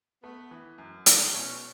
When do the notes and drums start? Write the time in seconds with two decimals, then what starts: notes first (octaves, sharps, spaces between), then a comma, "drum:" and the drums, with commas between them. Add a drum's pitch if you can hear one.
0.23 A3 B3
0.51 E3
0.78 F#2
1.06 A3, drum: hi-hat
1.33 B2 C#4